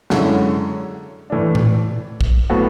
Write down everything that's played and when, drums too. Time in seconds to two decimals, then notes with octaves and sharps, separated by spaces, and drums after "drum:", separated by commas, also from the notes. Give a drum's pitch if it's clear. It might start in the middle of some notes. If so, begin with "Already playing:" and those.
0.10 F#2 D3 G#3 C#4 E4, drum: snare
1.30 A2 E3 A3 D4
1.55 drum: tom A2
2.21 drum: kick
2.50 A2 F#3 B3 F#4 A4